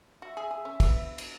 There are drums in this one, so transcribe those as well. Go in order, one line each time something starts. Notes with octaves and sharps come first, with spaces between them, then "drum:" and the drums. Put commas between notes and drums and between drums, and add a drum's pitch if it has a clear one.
F#4 E5
G#4
G#4
C#4
B3, drum: kick, cymbal
drum: cymbal